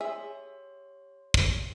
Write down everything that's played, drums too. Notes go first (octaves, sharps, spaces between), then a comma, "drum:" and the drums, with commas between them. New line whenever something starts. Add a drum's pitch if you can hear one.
G4 G#4 C#5 E5 C6
drum: kick